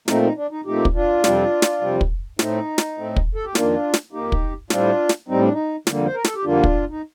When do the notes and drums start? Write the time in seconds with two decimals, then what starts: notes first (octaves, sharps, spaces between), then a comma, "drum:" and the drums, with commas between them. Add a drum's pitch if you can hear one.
0.08 A#2 F3 A3 C4 D#4, drum: snare
0.23 D#4
0.37 D4
0.51 D#4
0.65 A#2 F3 A3 C4 D#4 G4
0.85 drum: kick
0.94 D4 F4
1.24 F2 C3 G3 C4, drum: snare
1.62 drum: snare
1.81 F2 C3 G3 C4
2.01 drum: kick
2.39 A2 A3 C4 D#4, drum: snare
2.78 drum: snare
2.98 A2 A3 C4
3.16 drum: kick
3.35 A4
3.45 G4
3.55 F2 D#3 A#3 D4 F4, drum: snare
3.94 drum: snare
4.13 F2 D#3 A#3 D#4 G4
4.32 drum: kick
4.70 A2 G3 C4 D4 F4, drum: snare
5.09 drum: snare
5.28 A2 G3 C4 D#4
5.41 D4
5.52 D#4
5.87 F2 D3 G3 A#3, drum: snare
6.05 C5
6.14 A#4
6.24 A4, drum: snare
6.35 G4
6.44 F2 D3 G3 A#3 D4 F4
6.64 drum: kick
6.90 D#4